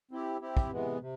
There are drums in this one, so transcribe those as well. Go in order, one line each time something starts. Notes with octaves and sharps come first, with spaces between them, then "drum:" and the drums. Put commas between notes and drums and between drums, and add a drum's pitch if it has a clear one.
C4 E4 G4
C4 E4 G4
drum: kick
C3 E3 G#3 B3
C3